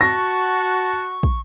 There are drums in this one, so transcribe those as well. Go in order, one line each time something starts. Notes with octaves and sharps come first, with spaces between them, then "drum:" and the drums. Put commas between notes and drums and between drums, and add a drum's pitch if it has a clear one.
F#4 A5 C#6 A#6
drum: kick